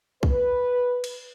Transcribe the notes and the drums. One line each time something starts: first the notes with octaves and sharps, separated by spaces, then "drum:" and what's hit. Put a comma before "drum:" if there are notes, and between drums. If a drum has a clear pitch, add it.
B4, drum: kick B1
drum: cymbal